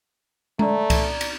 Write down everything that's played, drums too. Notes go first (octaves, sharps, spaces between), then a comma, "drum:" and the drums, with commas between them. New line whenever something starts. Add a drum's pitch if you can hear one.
A3 D5 A#5, drum: tom G#3
drum: kick C2, cymbal
drum: cymbal